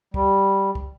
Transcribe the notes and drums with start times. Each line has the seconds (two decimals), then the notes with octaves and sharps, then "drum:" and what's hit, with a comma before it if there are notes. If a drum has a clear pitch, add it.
0.14 G3, drum: kick
0.75 drum: kick